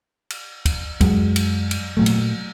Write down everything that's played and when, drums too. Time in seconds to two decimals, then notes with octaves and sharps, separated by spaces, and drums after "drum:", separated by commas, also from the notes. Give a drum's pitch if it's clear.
0.30 drum: cymbal
0.65 drum: kick, cymbal
1.01 F#2 F#3 G#3, drum: kick, cymbal
1.36 drum: cymbal
1.71 drum: cymbal
1.97 A#2 F#3 A3
2.06 drum: cymbal